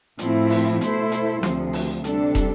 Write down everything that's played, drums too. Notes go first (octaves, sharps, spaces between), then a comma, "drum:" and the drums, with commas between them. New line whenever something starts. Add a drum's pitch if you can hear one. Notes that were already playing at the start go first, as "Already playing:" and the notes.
A2 F3 A3 C4 E4, drum: hi-hat
drum: open hi-hat
B2 A3 E4 A4 C5, drum: hi-hat
drum: hi-hat
D2 C3 F3, drum: snare
drum: open hi-hat
C3 G3 D4 A4, drum: hi-hat
drum: kick, hi-hat